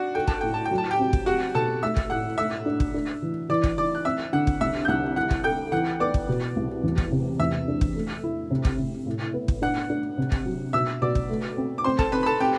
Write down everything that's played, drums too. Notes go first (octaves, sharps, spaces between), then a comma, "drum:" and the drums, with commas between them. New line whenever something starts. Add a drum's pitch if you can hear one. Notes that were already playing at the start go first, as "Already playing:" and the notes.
Already playing: D4 F#4 F#5
A4 G5
A5, drum: kick
A2 G5
A5
G5
F#3
A5
G4 G5
C4
drum: kick
F#4 G4 F#5
B2 A4 A5
A3 E5 E6
drum: kick
A2 F#5 F#6
A3 E5 E6
D4
drum: kick
D4
E3
E3 D5 D6
drum: kick
E3 D5 D6
F#6
C4 E5 E6
D3 F#5 F#6
drum: kick
C2 E5 E6
G6
C2 F#5 F#6
E4 F#5 F#6
drum: kick
A4 G5 G6
E3 F#5 F#6
B3 D5 D6
drum: kick
B2
C2
E2
drum: kick
C3
E2 E5 E6
D4
drum: kick
A3
E4
C3
drum: kick
C3
A2
B3
drum: kick
D4 F#5 F#6
D4
C3
drum: kick
F#3
B2 E5 E6
B2 D5 D6
drum: kick
A3
C4
D6
C4 C5 C6
A4 A5, drum: kick
C4 B4 B5
B5
A4 A5
C4 G4 G5